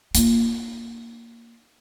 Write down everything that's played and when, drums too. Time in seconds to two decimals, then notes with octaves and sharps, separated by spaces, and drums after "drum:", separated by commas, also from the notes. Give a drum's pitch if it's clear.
0.15 A#3 F4, drum: hi-hat